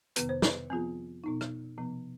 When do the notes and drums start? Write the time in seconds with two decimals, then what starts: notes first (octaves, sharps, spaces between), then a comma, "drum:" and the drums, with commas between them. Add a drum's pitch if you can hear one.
0.16 F2 C3 D#3 B3 B4, drum: hi-hat
0.29 C5
0.42 B4, drum: snare
0.70 F3 B3 C4 F4 G#4
1.24 B2 B3 D#4
1.41 drum: rim click
1.78 C3 F3 B3